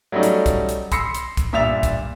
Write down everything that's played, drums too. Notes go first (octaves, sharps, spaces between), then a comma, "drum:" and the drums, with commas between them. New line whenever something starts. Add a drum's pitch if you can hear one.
F#3 G3 A3 C#4 D#4
drum: hi-hat
drum: kick C2, hi-hat
drum: hi-hat
B5 C6 E6 A#6 C7 C#7, drum: kick C2, hi-hat
drum: hi-hat
drum: kick C2, hi-hat
G2 A#2 E5 E6 A6 F7
drum: kick C2, hi-hat